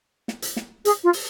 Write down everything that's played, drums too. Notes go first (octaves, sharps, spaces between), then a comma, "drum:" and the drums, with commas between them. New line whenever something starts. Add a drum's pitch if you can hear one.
drum: snare
drum: hi-hat
drum: snare
G#4, drum: hi-hat
F4
drum: open hi-hat